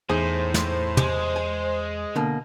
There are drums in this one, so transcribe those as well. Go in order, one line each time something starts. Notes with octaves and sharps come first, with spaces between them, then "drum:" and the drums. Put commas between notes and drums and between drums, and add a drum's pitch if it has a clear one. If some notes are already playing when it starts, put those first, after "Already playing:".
E2 A2 D#4 G#4 C5 G#5
drum: snare
C2 G#3 G4, drum: tom
G#5
D2 B2 D3 A#3